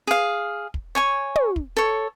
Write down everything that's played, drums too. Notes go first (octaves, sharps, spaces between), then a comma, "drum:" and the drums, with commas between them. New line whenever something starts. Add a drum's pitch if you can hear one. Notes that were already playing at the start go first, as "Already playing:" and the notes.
G#4 F5
drum: kick
C#5 G#5 C#6
drum: tom
drum: kick
A4 C#5